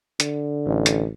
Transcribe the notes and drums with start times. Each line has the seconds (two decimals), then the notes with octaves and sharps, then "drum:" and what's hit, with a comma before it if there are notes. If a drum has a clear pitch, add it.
0.20 D3, drum: hi-hat
0.66 A1
0.86 drum: hi-hat